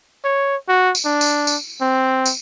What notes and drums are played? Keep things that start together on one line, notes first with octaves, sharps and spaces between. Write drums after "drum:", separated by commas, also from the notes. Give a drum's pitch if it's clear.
C#5
F#4
drum: tambourine
D4
drum: tambourine
drum: tambourine
C4
drum: tambourine